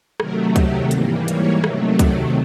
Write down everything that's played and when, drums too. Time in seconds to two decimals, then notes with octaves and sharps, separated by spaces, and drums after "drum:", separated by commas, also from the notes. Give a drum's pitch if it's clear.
0.20 C3 D#3 F#3 A3 A#4, drum: rim click
0.56 G4, drum: kick C#2, hi-hat
0.91 G#2 E3 G3 A#3, drum: hi-hat
1.28 C#5, drum: hi-hat
1.64 C3 D#3 F#3 A3, drum: rim click
1.99 D5, drum: kick C#2, hi-hat